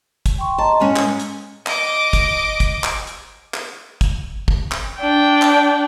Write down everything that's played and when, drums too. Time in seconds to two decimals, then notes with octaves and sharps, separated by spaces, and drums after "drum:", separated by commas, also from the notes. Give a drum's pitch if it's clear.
0.26 drum: kick, hi-hat
0.38 G5 C6 C#6
0.58 D#5 A5 A#5 C6
0.80 A2 G#3 C#4 G#5
0.96 drum: clap
1.19 drum: hi-hat
1.66 D#5 D6, drum: clap
2.13 drum: kick, hi-hat
2.60 drum: kick, hi-hat
2.84 drum: clap
3.07 drum: hi-hat
3.54 drum: clap
4.01 drum: kick, hi-hat
4.48 drum: kick
4.71 drum: clap
4.99 D4 G5
5.42 drum: clap